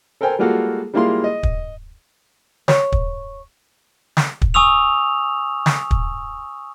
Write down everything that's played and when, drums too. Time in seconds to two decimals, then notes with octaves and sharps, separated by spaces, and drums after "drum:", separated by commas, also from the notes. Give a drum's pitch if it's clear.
0.21 A4 A#4 C5 G5 G#5
0.39 G3 G#3 A#3 F4 F#4 A4
0.94 G3 G#3 A#3 E4 F4 C6
1.24 D#5
1.43 drum: kick
2.68 C#5, drum: snare
2.92 drum: kick
4.17 drum: snare
4.42 drum: kick
4.54 G#5 C#6 D#6 E6 F7
5.66 drum: snare
5.91 drum: kick